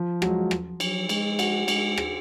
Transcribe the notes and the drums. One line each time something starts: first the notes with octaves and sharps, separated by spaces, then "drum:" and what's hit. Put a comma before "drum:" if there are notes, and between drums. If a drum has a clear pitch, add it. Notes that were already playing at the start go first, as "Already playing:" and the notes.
Already playing: F3
F#3 G#3, drum: rim click
drum: rim click
F#3, drum: cymbal
G#3, drum: cymbal
F#4, drum: cymbal
G#3, drum: cymbal
G#4, drum: rim click